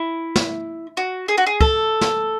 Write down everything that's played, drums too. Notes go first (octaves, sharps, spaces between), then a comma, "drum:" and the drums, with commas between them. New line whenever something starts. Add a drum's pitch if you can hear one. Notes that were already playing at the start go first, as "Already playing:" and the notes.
Already playing: E4
drum: snare
F#4
G#4
F#4
G#4
A4, drum: kick
drum: snare